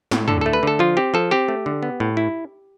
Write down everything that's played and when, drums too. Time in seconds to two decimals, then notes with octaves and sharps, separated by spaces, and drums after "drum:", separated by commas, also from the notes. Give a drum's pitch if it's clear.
0.11 A2, drum: snare
0.28 D3 A4, drum: tom
0.41 A3 A4
0.53 B4
0.63 D3 A4
0.79 F3 F4
0.97 C4 G4
1.14 F3 A4
1.31 C4 G4
1.48 A3
1.66 D3
1.83 B3
2.00 A2
2.17 E4